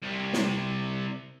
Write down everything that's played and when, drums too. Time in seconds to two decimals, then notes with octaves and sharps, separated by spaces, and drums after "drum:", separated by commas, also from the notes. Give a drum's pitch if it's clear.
0.02 C2 C3
0.33 drum: snare